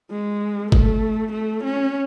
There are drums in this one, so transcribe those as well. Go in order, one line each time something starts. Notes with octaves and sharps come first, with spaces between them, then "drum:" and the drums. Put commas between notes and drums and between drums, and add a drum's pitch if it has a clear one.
G#3
A3, drum: kick
A3
C#4